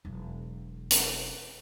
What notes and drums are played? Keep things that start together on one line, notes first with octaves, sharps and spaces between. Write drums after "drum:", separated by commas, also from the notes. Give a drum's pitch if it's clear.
E1 F#3
drum: hi-hat